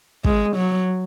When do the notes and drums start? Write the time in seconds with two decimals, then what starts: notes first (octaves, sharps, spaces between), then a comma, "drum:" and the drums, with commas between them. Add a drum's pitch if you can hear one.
0.25 G#3, drum: kick
0.56 F#3